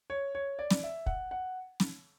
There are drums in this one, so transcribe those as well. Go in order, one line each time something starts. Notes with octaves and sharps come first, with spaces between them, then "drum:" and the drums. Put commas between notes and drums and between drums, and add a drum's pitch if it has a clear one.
C#5
C#5
D5
drum: snare
E5
F#5, drum: kick
F#5
drum: snare